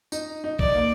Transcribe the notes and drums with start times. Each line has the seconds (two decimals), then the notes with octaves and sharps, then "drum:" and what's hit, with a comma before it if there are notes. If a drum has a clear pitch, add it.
0.12 D#4, drum: tambourine
0.44 D#4
0.59 D5, drum: kick
0.75 A#3